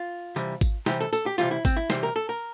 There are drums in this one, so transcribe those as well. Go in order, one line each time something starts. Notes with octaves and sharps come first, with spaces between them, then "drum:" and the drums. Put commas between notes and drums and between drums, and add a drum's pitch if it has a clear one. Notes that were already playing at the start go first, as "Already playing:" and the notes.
Already playing: F4
C3 E3 G3, drum: tambourine
drum: kick G#1, tambourine
C3 E3 G3 G4, drum: snare
A4
A4, drum: tambourine
G4
C3 E3 G3 F4, drum: tambourine
E4
C4, drum: kick G#1, tambourine
E4
C3 E3 G3 C5, drum: snare
A#4
A4
A#4